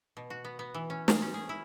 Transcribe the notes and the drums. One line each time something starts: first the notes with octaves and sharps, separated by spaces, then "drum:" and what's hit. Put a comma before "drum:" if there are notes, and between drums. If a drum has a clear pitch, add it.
B2
F#4
B3
B3
E3
C#4
G#4, drum: snare
C#4
G#4
E4